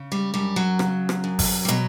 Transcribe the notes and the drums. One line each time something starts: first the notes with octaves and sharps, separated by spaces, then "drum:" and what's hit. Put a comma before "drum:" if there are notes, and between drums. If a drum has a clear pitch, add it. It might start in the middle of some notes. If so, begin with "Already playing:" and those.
Already playing: C#3
G3
F#2 G3
F#3
C#3, drum: rim click
drum: rim click
F#2
drum: kick G1, open hi-hat
G3
B2 F#3, drum: hi-hat